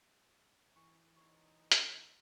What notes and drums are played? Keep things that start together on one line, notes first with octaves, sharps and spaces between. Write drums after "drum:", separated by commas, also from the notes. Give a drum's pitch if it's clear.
E3 C#6
D#4 C#5 C6
drum: hi-hat